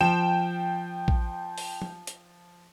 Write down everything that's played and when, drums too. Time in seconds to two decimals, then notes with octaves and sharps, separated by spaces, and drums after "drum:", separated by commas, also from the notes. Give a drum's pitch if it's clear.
0.01 F3 G5 E7
1.08 drum: kick
1.58 drum: open hi-hat
1.82 drum: tom F3
2.07 drum: hi-hat